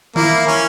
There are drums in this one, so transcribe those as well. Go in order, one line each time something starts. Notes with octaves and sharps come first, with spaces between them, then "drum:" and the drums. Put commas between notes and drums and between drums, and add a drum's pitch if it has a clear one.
A#3 E4, drum: tom D#3
C#4